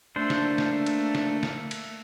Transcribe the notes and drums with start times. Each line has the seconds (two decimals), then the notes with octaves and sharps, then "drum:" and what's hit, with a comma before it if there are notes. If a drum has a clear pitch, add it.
0.16 A3 A#3 D4 C5
0.30 drum: snare
0.58 drum: snare
0.86 drum: cymbal
1.15 drum: snare
1.43 drum: snare
1.71 drum: cymbal